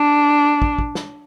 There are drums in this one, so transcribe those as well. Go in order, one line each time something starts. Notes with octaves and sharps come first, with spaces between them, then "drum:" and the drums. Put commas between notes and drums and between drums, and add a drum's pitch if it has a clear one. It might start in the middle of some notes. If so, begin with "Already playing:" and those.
Already playing: D4
drum: kick
drum: kick
drum: snare